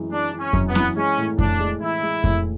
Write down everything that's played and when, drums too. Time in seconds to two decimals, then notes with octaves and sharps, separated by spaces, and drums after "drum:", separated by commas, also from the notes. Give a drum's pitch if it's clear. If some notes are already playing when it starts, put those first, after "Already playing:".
Already playing: F#2 E3 G#3
0.12 G#3 D4
0.33 E3
0.39 C#4
0.53 F#2, drum: kick F2
0.68 B3
0.75 E3, drum: snare C4
0.97 G#3 C#4
1.18 A2
1.39 A2 D4, drum: kick F2
1.60 G#3
1.81 E3 E4
2.03 G#3
2.24 A2, drum: kick F2